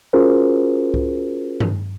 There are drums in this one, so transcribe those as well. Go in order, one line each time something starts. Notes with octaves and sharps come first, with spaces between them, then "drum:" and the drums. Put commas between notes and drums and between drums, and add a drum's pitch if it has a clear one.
C#4 F4 F#4 G#4 A#4 C5
drum: kick C2
drum: tom G2